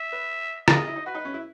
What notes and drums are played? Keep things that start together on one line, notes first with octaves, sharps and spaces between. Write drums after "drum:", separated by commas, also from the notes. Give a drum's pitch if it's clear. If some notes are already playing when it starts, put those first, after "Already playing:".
Already playing: E5
B4
A#4 D#5, drum: rim click
G#4
E4
D#4
F#4 B4
D#4
C#4
E4